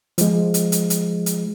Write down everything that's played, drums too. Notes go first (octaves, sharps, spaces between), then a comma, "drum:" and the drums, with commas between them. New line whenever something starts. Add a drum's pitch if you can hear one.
F3 G#3, drum: hi-hat
drum: hi-hat
drum: hi-hat
drum: hi-hat
drum: hi-hat